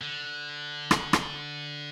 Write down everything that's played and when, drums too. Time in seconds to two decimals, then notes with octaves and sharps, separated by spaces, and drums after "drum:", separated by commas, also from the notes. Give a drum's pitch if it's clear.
0.01 D3
0.91 drum: rim click
1.13 drum: rim click